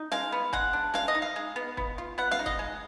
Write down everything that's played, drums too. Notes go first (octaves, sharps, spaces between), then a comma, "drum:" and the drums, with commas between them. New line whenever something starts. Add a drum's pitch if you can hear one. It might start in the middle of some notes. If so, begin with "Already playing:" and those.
Already playing: D#4
G#3 F5, drum: snare
B3
G#3 F#5, drum: kick
D4
G#3 F5, drum: snare
D#5
D#4
F5
G#3
B3
B3, drum: kick
F4
B3 F#5
F5, drum: snare
D#4
D#5, drum: kick
G#3